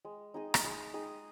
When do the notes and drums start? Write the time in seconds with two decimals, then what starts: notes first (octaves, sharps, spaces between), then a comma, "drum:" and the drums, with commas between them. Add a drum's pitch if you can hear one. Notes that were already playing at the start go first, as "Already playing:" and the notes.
0.05 G#3
0.34 D#4 G#4 D#5
0.54 drum: rim click
0.64 G#3
0.94 D#4 G#4 D#5